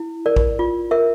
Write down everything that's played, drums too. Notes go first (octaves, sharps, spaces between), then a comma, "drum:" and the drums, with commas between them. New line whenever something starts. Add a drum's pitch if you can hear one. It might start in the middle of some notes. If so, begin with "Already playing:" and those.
Already playing: E4
A#4 D5
drum: kick A1
F4
A#4 E5